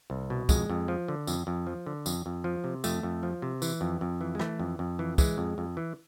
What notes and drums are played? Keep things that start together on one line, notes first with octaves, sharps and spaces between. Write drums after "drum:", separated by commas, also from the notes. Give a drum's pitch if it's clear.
C2
B2
F2 G#3, drum: kick, tambourine
F2
F3
D3
F2, drum: tambourine
F2
F3
D3
F2, drum: tambourine
F2
F3
C3
F2 A3, drum: tambourine
F2
F3
C3
E3, drum: tambourine
F2
F2
E3
G#3
E3 A3, drum: rim click
F2
F2
E3
E3 G#3, drum: kick, tambourine
F2
F2
E3